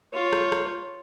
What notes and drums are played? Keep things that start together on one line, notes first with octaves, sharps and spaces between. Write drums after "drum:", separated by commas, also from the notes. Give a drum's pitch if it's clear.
F4 C#5
drum: rim click
drum: rim click